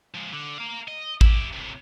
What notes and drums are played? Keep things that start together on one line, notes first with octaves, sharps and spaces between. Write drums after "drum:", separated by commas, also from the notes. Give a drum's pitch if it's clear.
F3 G#3
D3
A#4 F5
D#5
E4 G4, drum: kick
A2 C3